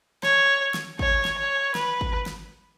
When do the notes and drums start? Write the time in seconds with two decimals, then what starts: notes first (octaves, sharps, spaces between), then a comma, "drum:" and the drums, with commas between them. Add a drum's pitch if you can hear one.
0.23 C#5, drum: snare
0.74 drum: snare
0.99 C#5, drum: kick
1.25 drum: snare
1.38 C#5
1.75 B4, drum: snare
2.01 drum: kick
2.26 drum: snare